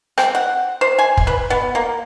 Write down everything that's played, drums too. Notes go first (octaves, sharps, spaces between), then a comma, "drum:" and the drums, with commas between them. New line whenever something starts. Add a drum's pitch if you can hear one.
C4, drum: rim click
F#5
C5
G#5
drum: kick
B4
B3
A#3